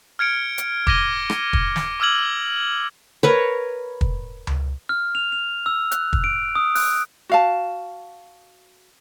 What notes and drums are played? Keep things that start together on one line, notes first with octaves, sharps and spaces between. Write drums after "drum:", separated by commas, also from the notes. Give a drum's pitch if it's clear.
F6 G#6 C#7 D7
drum: hi-hat
D6 G#6 A#6 D#7 G7, drum: kick
drum: rim click
drum: kick
drum: snare
D6 E6 F6 G#6 F#7
A#4 B4 C#5
drum: kick
drum: tom C#2
F6
F7
F7
E6
F#6, drum: hi-hat
drum: kick
D7
D#6
F#6, drum: open hi-hat
F#4 F5 A5